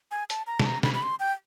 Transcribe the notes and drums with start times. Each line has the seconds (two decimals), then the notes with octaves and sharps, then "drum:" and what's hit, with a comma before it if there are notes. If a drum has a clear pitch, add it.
0.11 G#5
0.30 A5, drum: hi-hat
0.47 A#5
0.59 A5, drum: snare
0.66 A#5
0.83 B5, drum: snare
0.94 B5
1.03 C6
1.20 G5